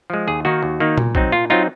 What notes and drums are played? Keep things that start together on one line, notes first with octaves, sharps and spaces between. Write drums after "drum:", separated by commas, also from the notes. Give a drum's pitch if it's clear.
F3 G#3
D#2 G#4
D#3 A#3 D#4 F#4
D#2
D#3 A#3 D#4
A#2, drum: tom A#2
F#3 C4 D#4, drum: kick
A#2 F4
F#3 C4 D#4 F4